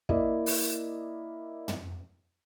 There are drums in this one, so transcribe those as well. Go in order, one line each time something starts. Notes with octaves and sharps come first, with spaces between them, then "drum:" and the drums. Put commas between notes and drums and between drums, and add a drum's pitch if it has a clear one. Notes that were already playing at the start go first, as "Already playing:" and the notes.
A#3 E4 D5 D#5, drum: kick
drum: open hi-hat
drum: tom